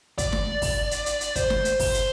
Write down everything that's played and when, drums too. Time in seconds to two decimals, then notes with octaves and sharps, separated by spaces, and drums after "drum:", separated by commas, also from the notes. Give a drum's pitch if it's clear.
0.18 D5, drum: kick, hi-hat
0.32 drum: snare
0.62 drum: kick, open hi-hat
0.91 drum: hi-hat
1.06 drum: hi-hat
1.21 drum: hi-hat
1.36 C5, drum: kick, hi-hat
1.50 drum: snare
1.65 drum: hi-hat
1.80 drum: kick, open hi-hat
1.94 drum: hi-hat